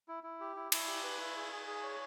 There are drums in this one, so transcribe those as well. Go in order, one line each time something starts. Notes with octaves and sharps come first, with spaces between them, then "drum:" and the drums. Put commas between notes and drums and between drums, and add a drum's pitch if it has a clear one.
E4
E4
G4
E4
E4, drum: cymbal
G4
B4
E4
G#4
G#4
G#4
C#5